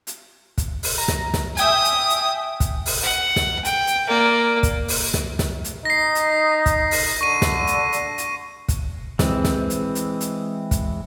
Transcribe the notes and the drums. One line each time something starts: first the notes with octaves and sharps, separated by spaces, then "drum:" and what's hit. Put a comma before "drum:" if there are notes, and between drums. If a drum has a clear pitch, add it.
drum: hi-hat
drum: kick, hi-hat
drum: open hi-hat
A#5
drum: snare
drum: snare
E5 G5 G#5 D#6, drum: hi-hat
drum: hi-hat
drum: hi-hat
drum: kick, hi-hat
drum: open hi-hat
F#5
drum: snare
G5, drum: hi-hat
drum: hi-hat
A#3 D5
drum: kick, hi-hat
drum: open hi-hat
drum: snare
drum: snare
drum: hi-hat
D#4 A#6 C7
drum: hi-hat
drum: kick, hi-hat
drum: open hi-hat
D3 C#6 D#7
drum: snare
drum: hi-hat
drum: hi-hat
drum: hi-hat
drum: kick, hi-hat
E3 G#3 C4, drum: snare
drum: snare
drum: hi-hat
drum: hi-hat
drum: hi-hat
drum: kick, hi-hat